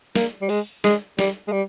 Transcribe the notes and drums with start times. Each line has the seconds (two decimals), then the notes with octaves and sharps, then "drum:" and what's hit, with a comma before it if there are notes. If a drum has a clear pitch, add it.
0.15 A#3, drum: snare
0.42 G3
0.49 G#3, drum: open hi-hat
0.84 G#3, drum: snare
1.19 G3, drum: snare
1.48 G#3
1.52 G3